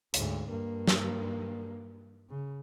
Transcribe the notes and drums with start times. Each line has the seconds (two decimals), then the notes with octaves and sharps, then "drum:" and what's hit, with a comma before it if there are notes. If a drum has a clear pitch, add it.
0.14 D2 G#2, drum: hi-hat
0.48 G2 A#3
0.88 drum: snare
2.29 C#3